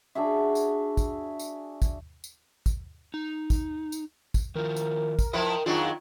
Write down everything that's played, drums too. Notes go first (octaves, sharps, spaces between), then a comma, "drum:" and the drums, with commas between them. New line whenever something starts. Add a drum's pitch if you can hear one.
D4 F#4 G#4 E5
drum: tambourine
drum: kick, tambourine
drum: tambourine
drum: kick, tambourine
drum: tambourine
drum: kick, tambourine
D#4
drum: kick, tambourine
drum: tambourine
drum: kick, tambourine
D#3 F3 A#4
drum: tambourine
drum: kick, tambourine
F3 E4 B4 D#5 G5 A#5
D#3 F#3 D4 F4 G#4 F#5